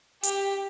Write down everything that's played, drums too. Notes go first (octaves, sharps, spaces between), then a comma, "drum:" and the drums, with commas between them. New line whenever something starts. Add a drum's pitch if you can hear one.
G4, drum: hi-hat